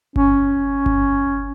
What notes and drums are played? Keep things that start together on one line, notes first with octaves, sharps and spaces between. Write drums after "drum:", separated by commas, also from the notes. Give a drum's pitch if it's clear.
C#4, drum: kick G1
drum: kick G1